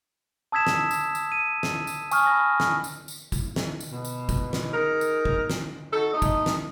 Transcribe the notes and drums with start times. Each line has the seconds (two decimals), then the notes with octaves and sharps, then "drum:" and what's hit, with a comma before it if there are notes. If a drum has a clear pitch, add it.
0.52 A5 D#6 E6 G#6 B6 E7
0.67 drum: snare
0.91 drum: tambourine
1.15 drum: tambourine
1.32 D#7
1.63 drum: snare
1.87 drum: tambourine
2.11 G#5 C#6 D#6 F6, drum: tambourine
2.27 B5 A#6
2.60 drum: snare
2.84 drum: tambourine
3.08 drum: tambourine
3.32 drum: kick, tambourine
3.56 drum: snare
3.80 drum: tambourine
3.92 B2
4.05 drum: tambourine
4.29 drum: kick, tambourine
4.53 drum: snare
4.74 D#4 G#4 A#4
5.01 drum: tambourine
5.25 drum: kick
5.50 drum: snare
5.92 D#4 F#4 A4
6.13 A3 D#4 D#5
6.22 drum: kick, tambourine
6.46 drum: snare